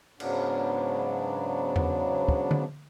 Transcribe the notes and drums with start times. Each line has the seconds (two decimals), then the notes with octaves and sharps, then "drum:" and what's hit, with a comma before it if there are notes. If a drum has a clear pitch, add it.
0.20 G#2 C#3 F#3 B3 D4, drum: cymbal
1.76 drum: tom E2
2.29 drum: kick
2.51 drum: tom D3